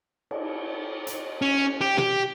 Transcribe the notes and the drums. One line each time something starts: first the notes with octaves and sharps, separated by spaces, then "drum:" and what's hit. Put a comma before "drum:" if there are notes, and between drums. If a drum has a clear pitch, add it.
drum: cymbal
drum: hi-hat
C#4
G4
G4, drum: tom B2